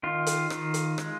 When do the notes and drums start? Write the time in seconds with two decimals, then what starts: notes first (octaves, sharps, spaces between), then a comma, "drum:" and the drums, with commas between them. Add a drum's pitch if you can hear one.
0.03 D#3 F4
0.27 drum: hi-hat
0.50 D#3, drum: rim click
0.74 drum: hi-hat
0.98 G#3, drum: rim click